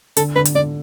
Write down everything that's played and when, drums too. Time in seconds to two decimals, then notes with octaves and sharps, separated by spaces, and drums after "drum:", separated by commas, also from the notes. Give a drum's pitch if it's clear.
0.17 D3 A4, drum: hi-hat
0.36 D3 B4
0.45 drum: hi-hat
0.55 D3 D5